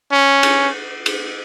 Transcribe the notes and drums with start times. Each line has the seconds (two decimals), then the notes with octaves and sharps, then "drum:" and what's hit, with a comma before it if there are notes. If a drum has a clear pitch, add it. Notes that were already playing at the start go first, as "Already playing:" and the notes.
0.12 C#4
0.43 drum: cymbal
1.06 drum: cymbal